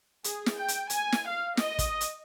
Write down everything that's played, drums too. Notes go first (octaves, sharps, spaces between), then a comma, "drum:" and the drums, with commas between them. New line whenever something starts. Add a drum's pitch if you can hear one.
G#4, drum: hi-hat
drum: snare
G5
drum: hi-hat
G#5, drum: hi-hat
drum: snare
F5
D#5, drum: snare
drum: kick, hi-hat
drum: hi-hat